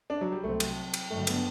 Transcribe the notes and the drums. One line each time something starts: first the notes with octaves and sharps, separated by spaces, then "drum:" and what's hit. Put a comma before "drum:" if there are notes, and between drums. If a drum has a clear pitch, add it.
D4
F#3
G3
C2 C3 F#3 A3 C4
drum: cymbal
drum: cymbal
G2 D3 F#3 A3
B3, drum: cymbal